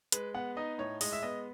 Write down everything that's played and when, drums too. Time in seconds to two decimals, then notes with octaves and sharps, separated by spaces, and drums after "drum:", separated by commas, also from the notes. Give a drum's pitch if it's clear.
0.12 G#3 B4, drum: hi-hat
0.34 B3 F#5
0.57 D#4 D#5
0.78 A2 C#5
1.01 G#3 D#5, drum: open hi-hat
1.13 E5
1.23 B3 D#5